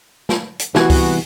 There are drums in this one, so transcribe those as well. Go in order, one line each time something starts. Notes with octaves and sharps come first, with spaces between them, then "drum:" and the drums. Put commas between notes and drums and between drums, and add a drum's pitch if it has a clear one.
drum: snare
drum: hi-hat
C2 E3 B3 F#4 G#5, drum: snare
drum: kick C#2, open hi-hat